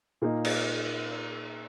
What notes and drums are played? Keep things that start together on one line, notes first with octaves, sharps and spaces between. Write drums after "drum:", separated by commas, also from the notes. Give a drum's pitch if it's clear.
A#2 A#3 D#4
drum: cymbal